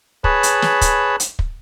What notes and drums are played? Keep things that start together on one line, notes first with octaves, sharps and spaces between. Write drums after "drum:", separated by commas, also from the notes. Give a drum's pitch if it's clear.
G#4 B4 C#5 A5 B5, drum: kick
drum: hi-hat
drum: snare
drum: kick, hi-hat
drum: hi-hat
drum: kick